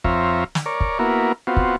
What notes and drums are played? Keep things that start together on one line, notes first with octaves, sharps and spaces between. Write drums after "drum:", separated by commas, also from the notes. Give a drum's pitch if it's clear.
F2 C4 F4 C#5 E5 A#5, drum: kick
drum: snare
A#4 C#5 D5
drum: kick
A#3 B3 E4 F#4 A#4
B3 C4 F4 F#4
drum: kick